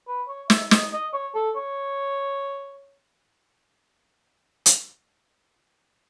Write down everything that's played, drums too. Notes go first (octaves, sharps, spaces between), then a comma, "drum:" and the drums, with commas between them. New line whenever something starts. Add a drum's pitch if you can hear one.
B4
C#5
E5, drum: snare
D#5, drum: snare
D#5
C#5
A4
C#5
drum: hi-hat